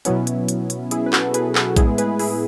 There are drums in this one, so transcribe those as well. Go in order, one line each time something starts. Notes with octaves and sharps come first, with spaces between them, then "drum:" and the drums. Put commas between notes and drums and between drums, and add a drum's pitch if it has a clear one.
B2 F#3 B3 C#4 E4, drum: hi-hat
drum: hi-hat
drum: hi-hat
drum: hi-hat
E4 G#4, drum: hi-hat
B4
F#4 A4, drum: clap
A4
G#4 B4, drum: hi-hat
F#4 A4, drum: clap
A2 G#3 B3 E4 G#4, drum: kick A#1, hi-hat
G#4 B4, drum: hi-hat
E4 G#4, drum: open hi-hat